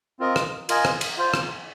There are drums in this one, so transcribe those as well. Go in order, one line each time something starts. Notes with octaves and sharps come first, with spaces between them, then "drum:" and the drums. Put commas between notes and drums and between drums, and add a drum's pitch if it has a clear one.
C4 F4 A#4 D#5
drum: rim click
F4 A#4 D#5 G#5, drum: cymbal
drum: rim click
drum: cymbal
F4 C5 F5
drum: rim click